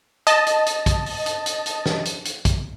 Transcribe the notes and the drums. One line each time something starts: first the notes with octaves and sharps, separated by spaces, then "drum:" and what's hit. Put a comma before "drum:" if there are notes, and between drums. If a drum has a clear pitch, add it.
D#5 A5, drum: hi-hat
drum: hi-hat
drum: hi-hat
drum: kick, hi-hat
drum: open hi-hat
drum: hi-hat
drum: hi-hat
drum: hi-hat
drum: snare
drum: hi-hat
drum: hi-hat
drum: kick, hi-hat